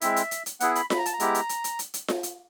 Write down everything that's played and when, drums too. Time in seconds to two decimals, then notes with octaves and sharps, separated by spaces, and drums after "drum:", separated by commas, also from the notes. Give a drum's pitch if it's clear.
0.01 G#3 C4 E4 E5, drum: hi-hat
0.16 drum: hi-hat
0.31 drum: hi-hat
0.46 drum: hi-hat
0.60 B3 E4 G#4 F#5, drum: hi-hat
0.75 B5, drum: hi-hat
0.90 B5, drum: snare F4
0.98 A#5
1.06 A5, drum: hi-hat
1.13 A#5
1.20 G#3 B3 E4 G4, drum: hi-hat
1.35 drum: hi-hat
1.49 drum: hi-hat
1.64 drum: hi-hat
1.79 drum: hi-hat
1.94 drum: hi-hat
2.08 drum: snare F4
2.23 drum: hi-hat